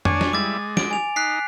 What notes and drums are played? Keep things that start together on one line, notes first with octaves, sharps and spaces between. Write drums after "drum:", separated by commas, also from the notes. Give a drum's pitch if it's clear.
D4 C#5 G#5, drum: tom F2
drum: snare
G3 G#3 E4 D6 A6
G#3
D7, drum: snare
G#5 F7
D#4 F#6 B6 C7